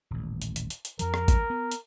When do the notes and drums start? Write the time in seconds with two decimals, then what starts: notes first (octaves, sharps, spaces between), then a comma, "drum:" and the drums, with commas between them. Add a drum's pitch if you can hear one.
0.11 D#1 A1
0.42 drum: hi-hat
0.56 drum: hi-hat
0.70 drum: hi-hat
0.85 drum: hi-hat
0.99 F2 F3 A#4, drum: hi-hat
1.14 drum: rim click
1.28 drum: kick, hi-hat
1.50 B3
1.71 drum: hi-hat